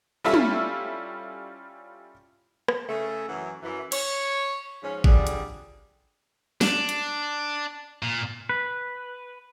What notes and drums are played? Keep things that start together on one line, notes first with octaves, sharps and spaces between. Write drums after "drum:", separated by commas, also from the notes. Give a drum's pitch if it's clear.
G3 C#4 E4 F4 A4 E5
drum: tom
drum: rim click
C#3 A3
F#2 E3 F#3
F#2 E3
C#5, drum: cymbal
G#2 F3 C#4
F2 D3 G3 D4 G#4, drum: kick G#1
drum: hi-hat
D4, drum: snare
drum: hi-hat
A#2
B4